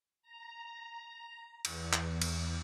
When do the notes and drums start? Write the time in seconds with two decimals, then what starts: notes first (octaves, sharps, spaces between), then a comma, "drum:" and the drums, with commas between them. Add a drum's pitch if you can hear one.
0.22 A#5
1.65 E2, drum: cymbal
1.93 drum: clap
2.22 drum: cymbal